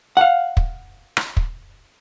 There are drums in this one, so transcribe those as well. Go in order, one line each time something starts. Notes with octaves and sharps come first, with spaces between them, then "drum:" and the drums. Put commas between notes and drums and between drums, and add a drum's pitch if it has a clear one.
F5 F#5
drum: kick
drum: rim click
drum: kick